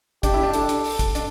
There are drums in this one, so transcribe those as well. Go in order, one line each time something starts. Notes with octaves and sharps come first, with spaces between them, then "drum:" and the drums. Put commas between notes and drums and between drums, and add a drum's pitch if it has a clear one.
D4 G4, drum: kick, hi-hat
E4
D4
A4, drum: hi-hat
drum: hi-hat
drum: open hi-hat
drum: kick, hi-hat
D4, drum: hi-hat